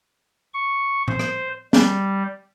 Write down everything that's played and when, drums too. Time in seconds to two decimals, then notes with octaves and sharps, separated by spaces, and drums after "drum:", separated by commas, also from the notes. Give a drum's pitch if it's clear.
0.54 C#6
1.08 C5, drum: tom A2
1.19 drum: rim click
1.73 G3, drum: snare